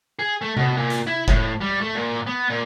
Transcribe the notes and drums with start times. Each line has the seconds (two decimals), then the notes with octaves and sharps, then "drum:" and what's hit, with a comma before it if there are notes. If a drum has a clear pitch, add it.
0.19 G#4
0.41 A3
0.57 B2, drum: tom C3
0.77 A#2
0.90 drum: hi-hat
1.07 E4
1.28 A2, drum: kick F1
1.61 G3
1.81 A3
1.95 A#2
2.27 B3
2.50 A#2